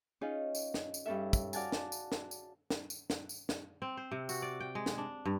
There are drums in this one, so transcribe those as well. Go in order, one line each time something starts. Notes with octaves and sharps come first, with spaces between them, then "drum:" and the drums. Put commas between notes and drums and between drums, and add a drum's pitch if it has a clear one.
C#4 D#4 F4 G#4 C#5
drum: tambourine
drum: snare
drum: tambourine
G2 C#4 A4 E5
drum: kick, tambourine
F#4 D5 F5 F#5 G#5 A5, drum: tambourine
drum: snare
drum: tambourine
drum: snare
drum: tambourine
drum: snare
drum: tambourine
drum: snare
drum: tambourine
drum: snare
C4
C5
C3
F#4, drum: tambourine
D5
G5
G#3
drum: snare
D4
G2